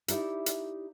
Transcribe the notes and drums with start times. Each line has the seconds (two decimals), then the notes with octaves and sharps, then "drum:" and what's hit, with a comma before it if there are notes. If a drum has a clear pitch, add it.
0.08 D#4 E4 G4 D5 E5, drum: hi-hat
0.46 drum: hi-hat